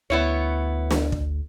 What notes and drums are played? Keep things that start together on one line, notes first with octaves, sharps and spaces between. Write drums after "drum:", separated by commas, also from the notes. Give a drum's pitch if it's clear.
D2 B3 E4 C#5
drum: snare
drum: kick